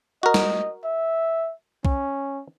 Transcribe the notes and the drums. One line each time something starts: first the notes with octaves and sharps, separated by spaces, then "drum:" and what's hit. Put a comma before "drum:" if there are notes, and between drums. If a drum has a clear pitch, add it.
F#4 A#4 D#5
drum: snare
E5
C#4, drum: kick B1